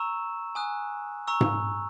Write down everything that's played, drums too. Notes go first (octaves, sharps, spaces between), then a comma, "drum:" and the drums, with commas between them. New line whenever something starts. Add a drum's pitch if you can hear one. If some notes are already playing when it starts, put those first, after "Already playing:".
Already playing: A#5 C#6 E6 E7
G#5 D#6 F#6
A#5 C#6 E6
drum: tom G#2